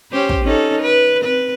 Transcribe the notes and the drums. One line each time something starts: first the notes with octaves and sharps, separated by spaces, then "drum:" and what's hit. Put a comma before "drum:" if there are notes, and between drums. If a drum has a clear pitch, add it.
C#4 G4 C5
drum: kick
C#4 D#4 A4
B4
C4 B4